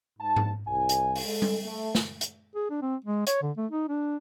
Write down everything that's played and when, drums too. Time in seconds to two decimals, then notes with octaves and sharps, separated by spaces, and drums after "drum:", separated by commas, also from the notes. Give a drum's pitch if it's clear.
0.19 G#2 A5
0.36 drum: tom G#2
0.67 C2 G#5
0.89 drum: hi-hat
1.16 drum: open hi-hat
1.25 G#3 A4
1.42 drum: tom G3
1.63 A3
1.95 drum: snare
2.21 drum: hi-hat
2.55 G#4
2.70 D4
2.81 C4
3.04 G#3
3.27 C#5, drum: hi-hat
3.42 D3
3.57 A3
3.71 D#4
3.88 D4